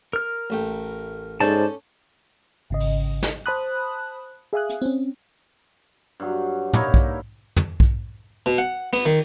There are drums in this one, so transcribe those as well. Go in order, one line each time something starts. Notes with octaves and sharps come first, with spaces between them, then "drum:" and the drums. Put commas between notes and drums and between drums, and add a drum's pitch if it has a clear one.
A#4 F6
A1 A3 G5
G#2 C#4 A4 C5 D5 A5, drum: hi-hat
G#1 C#3 D#5
drum: open hi-hat
drum: snare
C5 A5 B5 D#6 F#6
G#4 E5 F5 G#5 D#6 F#6
drum: hi-hat
C4 C#4
G2 F#3
A#3 D#4 E4 C#5, drum: tom
drum: kick B1
drum: tom
drum: kick B1
B2
F#5
B3, drum: cymbal
D#3